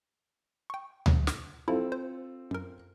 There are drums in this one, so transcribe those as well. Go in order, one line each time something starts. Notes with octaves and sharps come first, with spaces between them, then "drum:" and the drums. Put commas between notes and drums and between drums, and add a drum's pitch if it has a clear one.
G5 C#6
drum: tom D2
drum: snare
C4 E4 F4 A4
C5
F#2 A#4